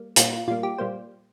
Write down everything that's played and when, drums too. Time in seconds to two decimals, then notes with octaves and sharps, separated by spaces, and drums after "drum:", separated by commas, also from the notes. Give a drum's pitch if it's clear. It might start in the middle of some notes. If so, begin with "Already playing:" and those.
Already playing: G3 A#3
0.16 A#2 G3 A#3 F4, drum: hi-hat
0.33 F4
0.48 A#2 G3 A#3 F4
0.63 G4
0.78 A#2 G3 A#3 C5